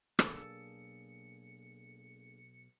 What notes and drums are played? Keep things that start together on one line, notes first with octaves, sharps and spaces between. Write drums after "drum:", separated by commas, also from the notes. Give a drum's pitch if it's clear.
B1 A#3 D4 G#4 A4 C#7, drum: rim click